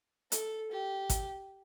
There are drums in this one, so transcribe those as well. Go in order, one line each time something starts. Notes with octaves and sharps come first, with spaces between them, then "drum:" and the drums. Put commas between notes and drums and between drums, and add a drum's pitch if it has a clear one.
A4, drum: hi-hat
G4
drum: kick G#1, hi-hat